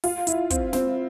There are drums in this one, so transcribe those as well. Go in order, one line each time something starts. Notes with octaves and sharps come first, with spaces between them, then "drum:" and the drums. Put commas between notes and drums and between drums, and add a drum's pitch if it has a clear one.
F4, drum: open hi-hat
E4, drum: hi-hat
C4, drum: kick, hi-hat
C4, drum: snare